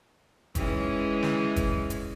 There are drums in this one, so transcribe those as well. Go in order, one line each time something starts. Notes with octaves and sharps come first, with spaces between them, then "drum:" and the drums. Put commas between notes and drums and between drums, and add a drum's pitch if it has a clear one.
E3 G#3 C#4, drum: kick, hi-hat
drum: snare
drum: kick, hi-hat
drum: hi-hat